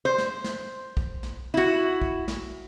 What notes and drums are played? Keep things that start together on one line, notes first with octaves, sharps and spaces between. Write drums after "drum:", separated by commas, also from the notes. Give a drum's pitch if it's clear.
C5
drum: snare
drum: snare
drum: kick A#1
drum: snare
E4 F#4
drum: kick A#1
drum: snare